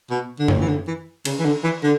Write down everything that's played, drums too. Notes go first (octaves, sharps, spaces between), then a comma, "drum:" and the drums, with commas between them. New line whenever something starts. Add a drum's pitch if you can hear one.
B2
D3
drum: tom F#2
E3
D3
E3
C#3, drum: cymbal
E3
D3
E3
D3